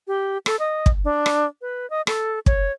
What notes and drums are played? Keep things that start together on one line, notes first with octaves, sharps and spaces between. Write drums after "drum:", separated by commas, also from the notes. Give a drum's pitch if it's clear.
G4
A4, drum: rim click
D#5
drum: kick
D4
drum: rim click
B4
D#5
A4, drum: rim click
C#5, drum: kick